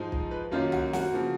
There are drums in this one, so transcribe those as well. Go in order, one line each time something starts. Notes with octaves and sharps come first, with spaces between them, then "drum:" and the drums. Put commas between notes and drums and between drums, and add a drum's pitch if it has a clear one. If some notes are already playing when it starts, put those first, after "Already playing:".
Already playing: G#2 F3 G#3 D#4
drum: kick
B4
F#2 D#3 A#3 C#4 F4
F#4, drum: tom
F#4, drum: snare
C#3 F3 A#3